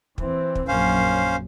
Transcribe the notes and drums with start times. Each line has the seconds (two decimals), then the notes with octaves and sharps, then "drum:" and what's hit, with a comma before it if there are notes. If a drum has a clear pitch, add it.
0.18 E3 C4, drum: kick
0.55 drum: kick
0.68 A#1 F#2 C#4 C5 F5